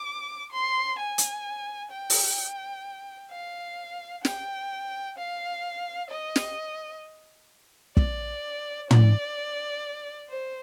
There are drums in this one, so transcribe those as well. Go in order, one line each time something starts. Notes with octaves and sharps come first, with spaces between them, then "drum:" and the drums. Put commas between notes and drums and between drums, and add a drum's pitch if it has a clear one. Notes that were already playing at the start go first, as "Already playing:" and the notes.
Already playing: D6
C6
G#5
drum: hi-hat
G5
drum: open hi-hat
F5
G5, drum: snare
F5
D#5
drum: snare
D5, drum: kick
D5, drum: tom
C5